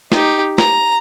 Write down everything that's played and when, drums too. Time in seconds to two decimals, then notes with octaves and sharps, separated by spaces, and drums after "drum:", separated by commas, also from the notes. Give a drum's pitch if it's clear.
0.12 D#4 G4, drum: snare
0.58 A#5, drum: snare